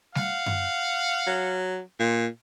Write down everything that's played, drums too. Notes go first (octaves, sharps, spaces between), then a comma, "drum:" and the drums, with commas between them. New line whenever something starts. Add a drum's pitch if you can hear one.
F5 F#5, drum: snare G3
drum: tom F#2
F#3
A#2